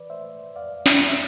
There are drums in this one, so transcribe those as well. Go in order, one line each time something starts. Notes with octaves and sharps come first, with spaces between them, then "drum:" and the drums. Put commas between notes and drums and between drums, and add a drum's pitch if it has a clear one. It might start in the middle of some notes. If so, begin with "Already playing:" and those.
Already playing: E3 B4 D5
A3 C5 E5
F2 D5 F5
C5 E5, drum: snare
F2
E5